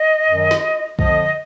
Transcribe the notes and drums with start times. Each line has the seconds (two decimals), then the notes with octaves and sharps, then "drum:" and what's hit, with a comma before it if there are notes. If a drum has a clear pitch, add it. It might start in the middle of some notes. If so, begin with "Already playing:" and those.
Already playing: D#5
0.27 F#2 D#3 F#3
0.51 drum: snare
0.99 F2 D3 F3 D#5, drum: kick